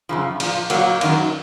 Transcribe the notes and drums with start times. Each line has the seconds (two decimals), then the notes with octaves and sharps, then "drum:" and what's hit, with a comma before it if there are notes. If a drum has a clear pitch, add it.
0.09 F#2 C#3 F3
0.40 A#2 F3, drum: cymbal
0.70 A#2 F#3 A#3, drum: cymbal
1.01 F#2 D#3 F#3, drum: cymbal